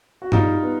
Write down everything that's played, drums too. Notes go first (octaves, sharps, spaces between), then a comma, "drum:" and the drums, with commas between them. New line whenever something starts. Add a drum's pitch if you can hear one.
F#4
G3 D#4 F4, drum: tom G2
B3